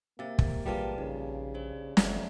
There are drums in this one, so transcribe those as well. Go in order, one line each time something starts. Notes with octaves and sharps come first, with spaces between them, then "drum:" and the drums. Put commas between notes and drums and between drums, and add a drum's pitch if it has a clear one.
C3 A#3 F5 A6
drum: kick
A#1 G3 F4 G#4 B4 A5
C#3 D#4
D4 C5 D5
F#1 F2 D5 E5 F#5, drum: snare